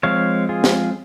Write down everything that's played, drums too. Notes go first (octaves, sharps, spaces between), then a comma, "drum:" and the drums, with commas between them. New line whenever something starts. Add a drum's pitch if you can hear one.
F3 G#3 C4 C#5 F5
F4 G#4
drum: snare